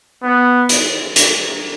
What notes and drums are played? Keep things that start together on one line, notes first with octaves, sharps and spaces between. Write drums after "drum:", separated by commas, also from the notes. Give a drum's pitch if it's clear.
B3
drum: hi-hat
drum: hi-hat